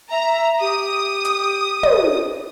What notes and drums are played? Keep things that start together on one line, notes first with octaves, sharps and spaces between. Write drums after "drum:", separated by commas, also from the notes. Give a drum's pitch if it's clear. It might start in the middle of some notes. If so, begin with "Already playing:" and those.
E5 A#5
G4 D#6
drum: hi-hat
drum: tom